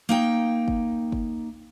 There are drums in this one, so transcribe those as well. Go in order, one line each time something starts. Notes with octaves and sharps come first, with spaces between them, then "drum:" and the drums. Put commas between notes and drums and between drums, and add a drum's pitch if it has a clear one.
A#3 D#4 G5
drum: kick G1
drum: kick G1